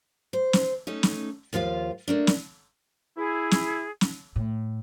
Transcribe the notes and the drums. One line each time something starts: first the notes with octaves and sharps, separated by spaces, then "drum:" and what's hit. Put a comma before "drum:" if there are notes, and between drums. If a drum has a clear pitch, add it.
C5
drum: snare
A3 C#4 D#4
drum: snare
D#2 F3 F4 F5
A3 A#3 D4
drum: snare
E4 G#4
drum: snare
drum: snare
A2